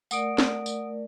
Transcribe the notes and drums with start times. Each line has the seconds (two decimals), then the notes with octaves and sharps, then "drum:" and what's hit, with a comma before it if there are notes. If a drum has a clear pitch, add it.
0.11 A3 A#4 D5 F#5 D#6 D7, drum: tambourine
0.38 drum: snare
0.66 drum: tambourine